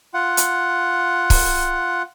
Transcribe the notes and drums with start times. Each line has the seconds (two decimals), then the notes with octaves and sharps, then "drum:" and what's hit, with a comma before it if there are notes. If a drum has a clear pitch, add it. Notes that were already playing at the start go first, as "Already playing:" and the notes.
0.14 F4 F#5
0.37 drum: hi-hat
1.30 drum: kick C#1, open hi-hat